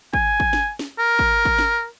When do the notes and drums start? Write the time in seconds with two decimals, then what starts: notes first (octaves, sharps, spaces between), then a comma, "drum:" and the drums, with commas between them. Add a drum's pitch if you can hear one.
0.13 G#5, drum: kick
0.40 drum: kick
0.53 drum: snare
0.79 drum: snare
0.98 A#4
1.19 drum: kick
1.45 drum: kick
1.59 drum: snare